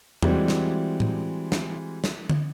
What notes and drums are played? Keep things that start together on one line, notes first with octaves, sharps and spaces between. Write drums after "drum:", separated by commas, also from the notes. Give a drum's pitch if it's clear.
E3 G3 G#3 C4 F#4, drum: tom E2
drum: snare
drum: tom A2
drum: snare
drum: snare
drum: tom D3